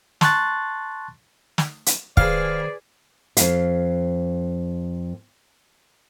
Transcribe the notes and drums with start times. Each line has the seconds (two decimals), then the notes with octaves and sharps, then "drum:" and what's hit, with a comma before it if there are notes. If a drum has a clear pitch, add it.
0.21 A5 C6 C#6 F#6 A6, drum: snare
1.58 drum: snare
1.86 drum: hi-hat
2.17 D#3 G#4 B4 C5 D5 F5, drum: kick
3.37 F2 F5, drum: hi-hat